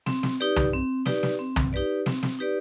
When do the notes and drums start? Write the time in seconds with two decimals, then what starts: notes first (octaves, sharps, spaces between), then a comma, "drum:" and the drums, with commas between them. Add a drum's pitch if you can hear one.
0.06 C4, drum: snare
0.23 drum: snare
0.40 D#4 G4 B4 D5
0.56 drum: tom
0.74 C4
1.06 D#4 G4 B4 D5, drum: snare
1.23 drum: snare
1.39 C4
1.56 drum: tom
1.73 D#4 G4 B4 D5
2.06 C4, drum: snare
2.23 drum: snare
2.39 D#4 G4 B4 D5